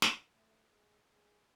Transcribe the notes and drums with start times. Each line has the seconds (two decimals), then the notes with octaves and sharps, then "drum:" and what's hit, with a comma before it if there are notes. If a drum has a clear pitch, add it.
0.02 drum: snare
0.32 A3
0.71 G#3
1.10 G#3